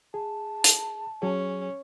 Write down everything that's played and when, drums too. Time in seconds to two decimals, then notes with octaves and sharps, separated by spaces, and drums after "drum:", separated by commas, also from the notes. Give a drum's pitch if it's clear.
0.14 G#4 A5
0.64 drum: hi-hat
1.22 F#3 C#4 G#4